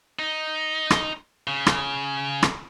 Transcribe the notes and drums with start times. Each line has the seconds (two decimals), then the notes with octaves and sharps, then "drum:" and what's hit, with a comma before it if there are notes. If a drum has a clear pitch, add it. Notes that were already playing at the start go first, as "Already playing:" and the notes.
0.19 D#4
0.90 drum: rim click
1.48 C#3
1.67 drum: rim click
2.43 drum: rim click